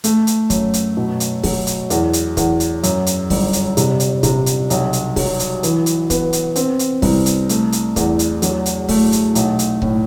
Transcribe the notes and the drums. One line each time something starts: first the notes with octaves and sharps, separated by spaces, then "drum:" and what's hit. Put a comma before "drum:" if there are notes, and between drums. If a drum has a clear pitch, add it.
A3, drum: hi-hat
drum: hi-hat
F#2, drum: kick C#1, hi-hat
drum: hi-hat
B2
drum: hi-hat
F#3, drum: kick C#1, open hi-hat
drum: hi-hat
E2, drum: hi-hat
drum: hi-hat
E2, drum: kick C#1, hi-hat
drum: hi-hat
F#2, drum: hi-hat
drum: hi-hat
G1, drum: kick C#1, open hi-hat
drum: hi-hat
C3, drum: hi-hat
drum: hi-hat
C3, drum: kick C#1, hi-hat
drum: hi-hat
B1, drum: hi-hat
drum: hi-hat
F#3, drum: kick C#1, open hi-hat
drum: hi-hat
E3, drum: hi-hat
drum: hi-hat
B3, drum: kick C#1, hi-hat
drum: hi-hat
C4, drum: hi-hat
drum: hi-hat
C2, drum: kick C#1, open hi-hat
drum: hi-hat
A3, drum: hi-hat
drum: hi-hat
E2, drum: kick C#1, hi-hat
drum: hi-hat
F#3, drum: hi-hat
drum: hi-hat
A3, drum: kick C#1, open hi-hat
drum: hi-hat
B1, drum: hi-hat
drum: hi-hat
A2, drum: kick C#1